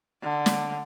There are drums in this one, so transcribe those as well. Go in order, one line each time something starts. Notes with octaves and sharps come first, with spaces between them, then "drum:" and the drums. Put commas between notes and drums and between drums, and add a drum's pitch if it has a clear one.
D3
drum: snare